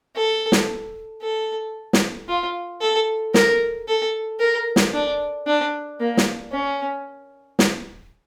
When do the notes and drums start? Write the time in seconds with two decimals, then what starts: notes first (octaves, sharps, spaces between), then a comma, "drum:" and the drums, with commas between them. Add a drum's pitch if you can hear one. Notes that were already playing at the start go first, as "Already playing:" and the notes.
0.16 A4
0.52 drum: snare
1.22 A4
1.93 drum: snare
2.29 F4
2.81 A4
3.34 A#4, drum: snare
3.88 A4
4.40 A#4
4.76 drum: snare
4.94 D4
5.47 D4
6.00 A#3
6.17 drum: snare
6.52 C#4
7.59 drum: snare